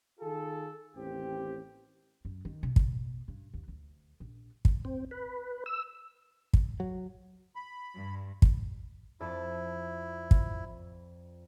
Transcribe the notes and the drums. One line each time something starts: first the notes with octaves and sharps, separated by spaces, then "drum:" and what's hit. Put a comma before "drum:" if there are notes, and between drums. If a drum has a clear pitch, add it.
D#3 F4 G#4 A4
A1 D#2 C4 G4
F#2
D#3
B2
drum: kick
G2
D#2
D2
A#1
drum: kick
C4
B4
E6
drum: kick
F#3
B5
G2
drum: kick
F2 E4 A4 D5
drum: kick